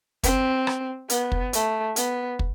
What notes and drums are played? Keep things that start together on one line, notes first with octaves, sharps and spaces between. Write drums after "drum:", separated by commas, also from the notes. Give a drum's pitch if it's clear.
C4, drum: kick, hi-hat
drum: rim click
B3, drum: hi-hat
drum: kick
A3, drum: hi-hat
B3, drum: hi-hat
drum: kick